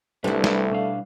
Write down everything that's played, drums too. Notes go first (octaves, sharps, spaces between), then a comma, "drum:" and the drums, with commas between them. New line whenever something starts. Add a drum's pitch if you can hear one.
C2 G3 A3 D4 E4 B4 E5
drum: snare
B2 D4 F5